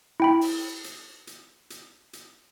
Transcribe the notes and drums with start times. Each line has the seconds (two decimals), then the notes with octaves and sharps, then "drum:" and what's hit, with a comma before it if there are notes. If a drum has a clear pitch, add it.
0.20 E4 G5 B5
0.41 drum: open hi-hat
0.84 drum: hi-hat
1.27 drum: hi-hat
1.70 drum: hi-hat
2.13 drum: hi-hat